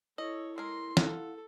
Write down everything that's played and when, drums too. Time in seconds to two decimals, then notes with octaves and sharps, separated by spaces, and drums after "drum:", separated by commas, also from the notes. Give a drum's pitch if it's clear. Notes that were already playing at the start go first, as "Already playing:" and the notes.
0.18 E4 A4 C#5 D#5
0.58 G#3 A#4 C6
0.97 A4 F5 F#5, drum: snare